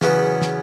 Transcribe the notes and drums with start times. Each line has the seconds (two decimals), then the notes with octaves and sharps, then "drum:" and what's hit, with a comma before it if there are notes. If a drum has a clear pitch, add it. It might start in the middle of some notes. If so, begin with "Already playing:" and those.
0.01 E2 C#3 F#3 B3 F#4, drum: snare
0.42 drum: snare